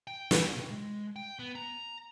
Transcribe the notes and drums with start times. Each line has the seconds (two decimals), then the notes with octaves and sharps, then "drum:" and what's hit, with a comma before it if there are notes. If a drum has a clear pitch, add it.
0.07 G5
0.31 drum: snare
0.56 C3
0.70 G#3
1.16 G5
1.39 B3
1.55 A#5